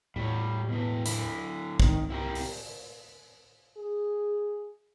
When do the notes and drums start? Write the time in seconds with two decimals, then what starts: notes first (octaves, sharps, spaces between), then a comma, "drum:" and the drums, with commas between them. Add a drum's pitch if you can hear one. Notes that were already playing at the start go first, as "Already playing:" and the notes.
0.16 E2 A2 G3 C#5
0.69 B2 E3
1.06 D3 E4, drum: hi-hat
1.80 C2 D#3 C4, drum: kick
2.10 E4 G4 A#4
2.35 drum: open hi-hat
3.77 G#4